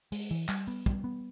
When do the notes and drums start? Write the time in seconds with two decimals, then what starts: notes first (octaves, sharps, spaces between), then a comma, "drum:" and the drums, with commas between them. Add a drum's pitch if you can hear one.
0.12 G#3, drum: open hi-hat
0.31 E3
0.49 G3, drum: clap
0.67 B3
0.86 G3, drum: kick, hi-hat
1.04 B3